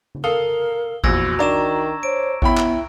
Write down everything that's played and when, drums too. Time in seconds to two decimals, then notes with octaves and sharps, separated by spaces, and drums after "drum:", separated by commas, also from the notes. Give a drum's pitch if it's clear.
0.15 drum: tom C#3
0.24 A4 A#4 F5 D#6 G7
1.04 A#1 E2 F#4 E6 G#6 A#6, drum: kick G#1
1.39 D#3 D4 D5 A#5 C#6 E7
2.03 C5 C#5 D7
2.42 B3 E4 C#5 G5 B5, drum: kick G#1
2.57 drum: clap